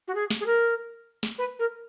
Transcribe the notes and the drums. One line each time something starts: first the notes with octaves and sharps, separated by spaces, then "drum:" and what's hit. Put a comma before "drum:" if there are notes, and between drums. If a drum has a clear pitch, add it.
F#4
G#4
drum: snare
G#4
A#4
drum: snare
B4
A#4